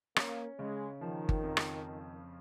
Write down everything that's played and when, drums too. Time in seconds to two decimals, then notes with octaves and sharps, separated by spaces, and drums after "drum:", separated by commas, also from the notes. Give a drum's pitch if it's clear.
0.16 A#3 C#4, drum: rim click
0.59 C#3 G#3
1.00 D#3 F3
1.29 drum: kick G1
1.43 F2
1.57 drum: rim click